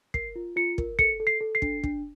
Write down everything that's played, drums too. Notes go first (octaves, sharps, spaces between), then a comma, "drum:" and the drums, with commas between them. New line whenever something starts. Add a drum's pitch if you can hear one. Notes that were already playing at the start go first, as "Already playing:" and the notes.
A#4 C7, drum: kick
F4
F4 C#7
A#4, drum: kick
A4 C#7, drum: kick
A4
C7
A4
C7
D4, drum: kick
D4, drum: kick